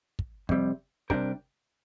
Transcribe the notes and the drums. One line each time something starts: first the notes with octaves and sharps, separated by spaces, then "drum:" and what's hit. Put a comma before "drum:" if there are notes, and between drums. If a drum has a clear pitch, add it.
drum: kick
F2 C3 G3, drum: kick
C3 G3 D4 G4 A#4, drum: kick